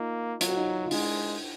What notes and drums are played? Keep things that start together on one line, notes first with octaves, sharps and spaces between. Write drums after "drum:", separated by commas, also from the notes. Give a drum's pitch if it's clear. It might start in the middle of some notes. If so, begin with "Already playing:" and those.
Already playing: A#3 D#4 F4
F#3 F4, drum: hi-hat
F#4
D#4 F4
F4
G#3 D4 E4, drum: open hi-hat